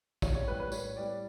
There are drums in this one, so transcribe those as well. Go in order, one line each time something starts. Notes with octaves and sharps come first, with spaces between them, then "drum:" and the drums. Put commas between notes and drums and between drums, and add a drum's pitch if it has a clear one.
A2 C#5, drum: kick, tambourine
C#5
G3 B4
B4
A2 C#5, drum: tambourine
G3 D5